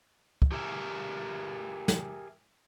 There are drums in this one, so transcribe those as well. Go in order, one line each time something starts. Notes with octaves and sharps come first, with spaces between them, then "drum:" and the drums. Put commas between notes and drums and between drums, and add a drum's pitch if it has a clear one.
drum: kick
G4 G#4 A#4 E5
drum: snare